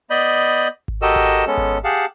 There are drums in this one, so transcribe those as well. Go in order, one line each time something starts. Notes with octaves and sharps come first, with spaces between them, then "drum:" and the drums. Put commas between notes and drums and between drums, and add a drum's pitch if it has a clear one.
B3 D5 D#5 B5 G6
drum: kick G#1
F#4 G4 A4 A#4 D#5 E6
drum: kick G#1
G#3 B3 C#4 A4
drum: kick G#1
G4 G#4 F5 F#5 A5